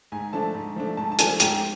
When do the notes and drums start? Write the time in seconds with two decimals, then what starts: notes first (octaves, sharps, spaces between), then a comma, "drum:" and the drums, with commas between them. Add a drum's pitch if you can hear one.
0.12 G#2 G#5
0.33 F3 A3 D4 A5
0.55 G#2
0.76 F3 A3 D4
0.97 G#2 A5
1.12 A5
1.19 F3 A3 D4 G#5, drum: hi-hat
1.40 G#2 G5, drum: hi-hat